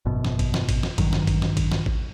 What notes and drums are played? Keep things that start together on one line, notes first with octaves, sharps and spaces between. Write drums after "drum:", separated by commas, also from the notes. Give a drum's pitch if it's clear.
G#1 F#2 B2
drum: snare
drum: kick G#1, cymbal
drum: snare
drum: kick G#1, cymbal
drum: snare
A1 G2 D#3 F#3, drum: kick G#1, cymbal
drum: snare
drum: kick G#1, cymbal
drum: snare
drum: kick G#1, cymbal
drum: snare
drum: kick G#1